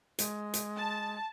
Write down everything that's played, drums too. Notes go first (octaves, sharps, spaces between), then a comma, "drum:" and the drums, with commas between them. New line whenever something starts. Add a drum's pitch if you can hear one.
G#3, drum: hi-hat
drum: hi-hat
A5